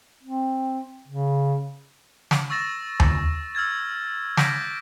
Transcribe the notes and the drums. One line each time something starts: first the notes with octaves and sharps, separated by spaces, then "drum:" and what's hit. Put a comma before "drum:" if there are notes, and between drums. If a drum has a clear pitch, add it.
C4
C#3
drum: snare
C#6 E6 A6 A#6 E7
drum: tom D#2
E6 F6 G#6 A6
D6 G6 A#6 B6 D7, drum: snare